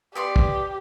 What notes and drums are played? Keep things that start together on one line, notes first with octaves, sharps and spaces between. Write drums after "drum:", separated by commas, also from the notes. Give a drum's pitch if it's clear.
B3 G4 D5 C6
drum: kick